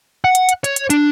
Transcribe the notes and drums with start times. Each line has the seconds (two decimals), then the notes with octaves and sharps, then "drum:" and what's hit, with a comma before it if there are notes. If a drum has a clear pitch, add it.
0.24 F#5
0.35 drum: hi-hat
0.49 drum: hi-hat
0.64 C#5, drum: hi-hat
0.76 drum: hi-hat
0.90 D4, drum: hi-hat